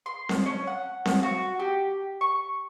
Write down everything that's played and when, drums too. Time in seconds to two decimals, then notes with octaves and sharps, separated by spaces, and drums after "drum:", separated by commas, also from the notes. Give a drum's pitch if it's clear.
0.06 C6
0.29 drum: snare C4
0.46 C#4
0.67 F#5
1.05 drum: snare C4
1.23 F#4
1.60 G4
2.21 C#6